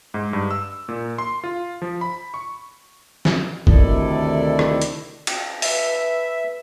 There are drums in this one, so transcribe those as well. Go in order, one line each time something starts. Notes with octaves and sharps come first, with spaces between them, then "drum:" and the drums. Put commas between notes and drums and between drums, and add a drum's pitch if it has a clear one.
G#2
G2
E6
A#2
C6
F4
F3
B5
C#6
drum: snare
D2 C3 D#3 E4 A4 D5, drum: kick G1
drum: rim click
drum: hi-hat
drum: cymbal
B4 E5, drum: open hi-hat